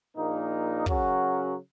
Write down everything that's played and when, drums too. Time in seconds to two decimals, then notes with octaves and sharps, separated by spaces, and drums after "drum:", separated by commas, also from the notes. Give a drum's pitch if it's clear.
0.16 A#1 A#2 A#3 D#4
0.86 C#3 F#3 C#4 F#4 A#4, drum: kick